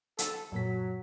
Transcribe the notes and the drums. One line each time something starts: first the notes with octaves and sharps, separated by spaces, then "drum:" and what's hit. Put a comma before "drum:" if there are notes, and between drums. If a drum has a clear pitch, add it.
A4, drum: hi-hat
F#2 A#2 F#3 B6